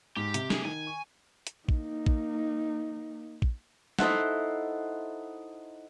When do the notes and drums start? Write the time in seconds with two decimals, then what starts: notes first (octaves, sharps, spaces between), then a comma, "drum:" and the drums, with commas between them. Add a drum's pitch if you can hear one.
0.17 G#2 G4
0.34 C3, drum: hi-hat
0.50 G4 G#4, drum: snare
0.65 D#3 G#5
0.87 C#6
1.47 drum: hi-hat
1.68 A#3 D#4, drum: kick A#1
2.06 drum: kick A#1
3.42 drum: kick A#1
3.99 D#4 E4 A4 C5 E5 F#5, drum: snare